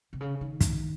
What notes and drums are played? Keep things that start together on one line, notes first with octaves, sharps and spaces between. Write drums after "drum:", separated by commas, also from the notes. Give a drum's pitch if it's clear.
C3
C#3
D#3
drum: kick, hi-hat